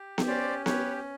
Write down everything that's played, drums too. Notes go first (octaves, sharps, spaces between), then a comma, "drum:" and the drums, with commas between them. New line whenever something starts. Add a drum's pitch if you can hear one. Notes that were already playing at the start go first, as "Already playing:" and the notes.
Already playing: G4
drum: snare B3
C#4 C5 D5
G4 B4 C#5, drum: snare B3